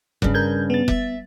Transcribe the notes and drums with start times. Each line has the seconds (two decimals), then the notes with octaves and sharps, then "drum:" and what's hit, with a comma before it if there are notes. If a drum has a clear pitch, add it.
0.22 G2 C#3, drum: kick F1
0.34 A#4 G6 G#6
0.70 B3 A6
0.88 E5, drum: kick F1